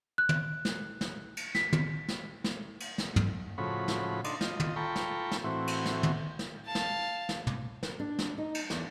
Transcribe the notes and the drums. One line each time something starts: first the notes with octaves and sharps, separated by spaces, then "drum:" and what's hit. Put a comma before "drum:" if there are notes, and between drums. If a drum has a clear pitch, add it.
F#6
drum: tom
drum: snare
drum: snare
drum: cymbal
B6, drum: snare
drum: tom
drum: snare
drum: snare
drum: cymbal
drum: snare
drum: tom
A2 C#3 F3 F#4 B5
drum: snare
D4 D#4 C6, drum: cymbal
F4 D#5, drum: snare
drum: tom
F4 A4 G5 A#5 B5 C#6
drum: snare
drum: snare
A2 E3 C4 F#4
drum: cymbal
drum: snare
drum: tom
drum: snare
F5 A5
drum: snare
drum: snare
drum: tom
drum: snare
D4
drum: snare
D#4
drum: cymbal
E2, drum: snare